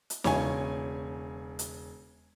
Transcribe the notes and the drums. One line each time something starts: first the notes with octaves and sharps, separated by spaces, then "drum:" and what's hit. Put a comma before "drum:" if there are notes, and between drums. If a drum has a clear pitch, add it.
drum: hi-hat
E1 C#3 C#5 G#5, drum: snare
drum: hi-hat